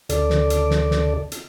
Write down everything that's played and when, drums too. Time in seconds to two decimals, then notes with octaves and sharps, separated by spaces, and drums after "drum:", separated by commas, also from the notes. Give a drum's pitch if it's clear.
0.09 D2 C#3 A4 D5, drum: hi-hat
0.30 drum: snare
0.50 drum: hi-hat
0.71 drum: snare
0.91 drum: snare
1.32 drum: hi-hat